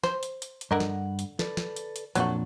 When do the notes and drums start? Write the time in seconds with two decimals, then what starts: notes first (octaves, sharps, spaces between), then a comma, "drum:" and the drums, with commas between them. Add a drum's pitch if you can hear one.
0.03 C5, drum: snare
0.23 drum: hi-hat
0.42 drum: hi-hat
0.61 drum: hi-hat
0.71 G2 D3 A#4 D#5 F#5
0.80 drum: snare
1.19 drum: hi-hat
1.39 A4 B4 D5, drum: snare
1.57 drum: snare
1.76 drum: hi-hat
1.96 drum: hi-hat
2.15 F2 A#2 F#3 A3 D4 F#4, drum: hi-hat